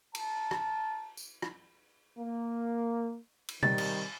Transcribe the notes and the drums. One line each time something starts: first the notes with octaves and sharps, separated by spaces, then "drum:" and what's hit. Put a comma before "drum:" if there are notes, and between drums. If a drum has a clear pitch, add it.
A#4 A5, drum: cymbal
drum: rim click
drum: tambourine
drum: rim click
A#3
drum: cymbal
C3 D#3 G3 A6, drum: tom B2
drum: cymbal